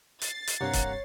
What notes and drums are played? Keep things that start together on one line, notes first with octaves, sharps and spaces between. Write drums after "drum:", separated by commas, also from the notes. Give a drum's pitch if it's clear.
A6 C7, drum: hi-hat
drum: hi-hat
G2 C3 A#3 C#5 F#5 A#5
drum: kick, hi-hat